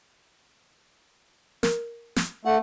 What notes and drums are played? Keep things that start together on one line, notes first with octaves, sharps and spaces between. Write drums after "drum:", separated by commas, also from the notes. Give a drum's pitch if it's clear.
A#4, drum: snare
drum: snare
A3 F#5